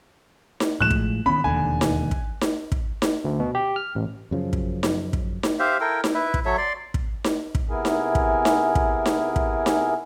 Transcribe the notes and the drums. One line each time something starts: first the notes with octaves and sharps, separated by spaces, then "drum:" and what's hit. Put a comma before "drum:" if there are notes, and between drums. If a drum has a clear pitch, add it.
drum: snare D#4
A2 F3 G#3 F#6 E7
drum: kick
D#3 B3 C#4 B5
E1 D#2 D3 G#5
drum: snare D#4
drum: kick
drum: snare D#4
drum: kick
drum: snare D#4
D2
B2
G4
F6
A1
F#2 C#3 F3
drum: kick
drum: snare D#4
drum: kick
drum: snare D#4
G4 C5 E5 F5
E4 A4 A#4 G5
drum: snare D#4
E4 B4 E5
drum: kick
F#3 A4 C#5 E5
D5 C6
drum: kick
drum: snare D#4
drum: kick
C3 B3 E4 G#4 A#4 G#5
drum: snare D#4
drum: kick
drum: snare D#4
drum: kick
drum: snare D#4
drum: kick
drum: snare D#4